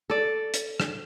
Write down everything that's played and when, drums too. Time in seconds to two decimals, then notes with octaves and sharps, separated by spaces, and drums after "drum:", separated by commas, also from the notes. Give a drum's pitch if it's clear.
0.10 A4 D5
0.54 drum: hi-hat
0.80 drum: rim click